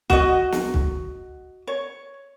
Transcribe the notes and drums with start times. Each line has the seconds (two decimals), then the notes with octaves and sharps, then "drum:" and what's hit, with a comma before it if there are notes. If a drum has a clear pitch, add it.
0.10 F#4 D#5, drum: kick
0.52 drum: snare
0.74 drum: kick
1.67 C#5